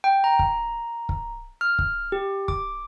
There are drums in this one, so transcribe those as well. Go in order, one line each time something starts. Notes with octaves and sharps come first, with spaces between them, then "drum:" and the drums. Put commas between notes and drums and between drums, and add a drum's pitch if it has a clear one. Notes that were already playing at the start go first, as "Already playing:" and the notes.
G5
A#5
drum: kick
drum: kick
F6
drum: kick
G4
D6, drum: kick